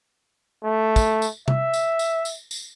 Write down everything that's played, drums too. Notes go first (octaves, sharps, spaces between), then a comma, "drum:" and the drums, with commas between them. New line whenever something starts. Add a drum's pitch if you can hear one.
A3
drum: kick, tambourine
drum: tambourine
E5, drum: tom C3
drum: tambourine
drum: tambourine
drum: tambourine
drum: tambourine